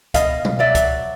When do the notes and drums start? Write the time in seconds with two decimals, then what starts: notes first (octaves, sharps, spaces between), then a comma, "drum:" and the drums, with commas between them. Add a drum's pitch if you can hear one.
0.14 B2 D#5 F5, drum: kick C#2, hi-hat
0.45 drum: tom B2
0.59 F#3 D5 E5
0.75 drum: kick C#2, hi-hat